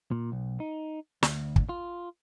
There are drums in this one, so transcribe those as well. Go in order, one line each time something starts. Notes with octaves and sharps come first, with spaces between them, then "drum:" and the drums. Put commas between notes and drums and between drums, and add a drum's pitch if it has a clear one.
A#2
B1
D#4
D2, drum: snare
drum: kick
F4